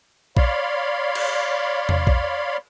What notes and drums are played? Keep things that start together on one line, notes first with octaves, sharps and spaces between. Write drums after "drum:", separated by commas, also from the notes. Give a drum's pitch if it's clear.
C#5 D5 F5 B5 C6, drum: kick A#1
drum: cymbal
drum: tom E2
drum: kick A#1